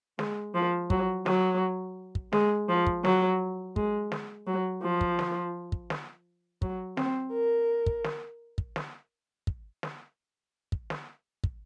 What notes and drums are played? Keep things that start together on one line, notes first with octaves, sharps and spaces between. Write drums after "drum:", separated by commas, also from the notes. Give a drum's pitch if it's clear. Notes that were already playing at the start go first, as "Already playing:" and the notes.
G#3, drum: snare
F3
F#3, drum: kick
F#3, drum: snare
drum: kick
G#3, drum: snare
F3
drum: kick
F#3, drum: snare
G#3, drum: kick
drum: snare
F#3
F3
drum: kick
drum: snare
drum: kick
drum: snare
F#3, drum: kick
C4, drum: snare
A#4
drum: kick
drum: snare
drum: kick
drum: snare
drum: kick
drum: snare
drum: kick
drum: snare
drum: kick